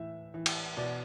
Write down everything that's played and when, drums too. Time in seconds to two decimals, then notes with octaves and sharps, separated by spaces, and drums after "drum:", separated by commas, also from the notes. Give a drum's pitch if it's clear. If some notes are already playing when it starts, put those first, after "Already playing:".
Already playing: A2 E3 E5
0.34 E3
0.46 drum: cymbal
0.77 B2 D5